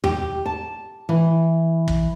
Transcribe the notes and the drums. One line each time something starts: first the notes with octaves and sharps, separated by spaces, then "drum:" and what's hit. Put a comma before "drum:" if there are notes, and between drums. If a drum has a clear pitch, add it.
G4, drum: tom E2
A5
E3
drum: kick